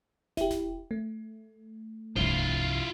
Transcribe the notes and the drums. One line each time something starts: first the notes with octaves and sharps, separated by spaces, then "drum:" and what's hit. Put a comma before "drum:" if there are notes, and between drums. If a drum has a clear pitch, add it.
E4 G4, drum: snare
drum: snare
A3
C2 G2 F3 E4 F4, drum: kick D1